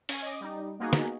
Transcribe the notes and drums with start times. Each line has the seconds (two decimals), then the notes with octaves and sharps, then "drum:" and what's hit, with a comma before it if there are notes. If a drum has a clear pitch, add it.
0.09 C#4 G#5, drum: open hi-hat
0.22 D#5 D6
0.41 G3 D#4
0.79 A#3 B3 D#4 F#4 G#4
0.93 drum: snare